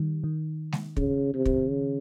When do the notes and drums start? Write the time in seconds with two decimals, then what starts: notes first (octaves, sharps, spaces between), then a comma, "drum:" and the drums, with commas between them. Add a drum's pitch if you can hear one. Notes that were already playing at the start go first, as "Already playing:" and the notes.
Already playing: D#3 G3
0.24 D#3
0.72 drum: snare G#3
0.97 C#3, drum: kick
1.34 C3
1.46 drum: kick
1.69 C#3